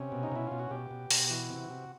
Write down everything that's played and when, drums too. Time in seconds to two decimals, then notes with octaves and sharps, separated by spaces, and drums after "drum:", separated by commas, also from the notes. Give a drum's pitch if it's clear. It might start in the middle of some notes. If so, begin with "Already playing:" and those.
Already playing: C3 C#4
0.12 B2
0.23 D#4
0.32 B2 E4
0.47 B2 F4
0.59 F#4
0.71 B2 G4
0.91 B2
1.11 B2, drum: open hi-hat
1.30 E3 F#4
1.50 C3
1.70 C3